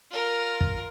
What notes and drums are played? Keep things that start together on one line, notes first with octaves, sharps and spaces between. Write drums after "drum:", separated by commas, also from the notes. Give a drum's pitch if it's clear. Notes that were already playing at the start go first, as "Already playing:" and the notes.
F4 A#4
drum: kick